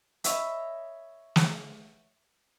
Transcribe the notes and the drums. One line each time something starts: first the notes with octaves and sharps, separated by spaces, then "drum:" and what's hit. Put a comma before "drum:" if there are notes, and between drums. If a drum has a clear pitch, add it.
C#5 D#5 E5 B5, drum: hi-hat
drum: snare